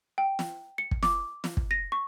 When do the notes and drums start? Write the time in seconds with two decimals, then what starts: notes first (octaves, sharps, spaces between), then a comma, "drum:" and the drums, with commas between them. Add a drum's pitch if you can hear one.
0.18 G5
0.39 drum: snare
0.78 C#7
0.91 drum: kick
1.03 D6, drum: snare
1.44 drum: snare
1.57 drum: kick
1.71 A#6
1.92 C#6